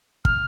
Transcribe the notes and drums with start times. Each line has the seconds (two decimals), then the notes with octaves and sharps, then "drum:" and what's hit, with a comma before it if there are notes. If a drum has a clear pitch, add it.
0.25 F6, drum: kick